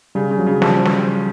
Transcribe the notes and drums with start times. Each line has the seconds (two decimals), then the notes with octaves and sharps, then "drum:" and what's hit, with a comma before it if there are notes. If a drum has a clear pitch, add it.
0.15 C#3 G3
0.31 C#3
0.39 F#3
0.47 C#3
0.62 F3 G3, drum: snare
0.85 drum: snare